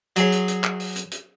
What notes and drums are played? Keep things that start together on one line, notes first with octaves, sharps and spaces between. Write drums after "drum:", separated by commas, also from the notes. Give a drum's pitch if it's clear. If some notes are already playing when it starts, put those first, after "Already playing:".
F#3 G#4 C#5, drum: hi-hat
drum: hi-hat
drum: hi-hat
drum: clap
drum: open hi-hat
drum: hi-hat
drum: hi-hat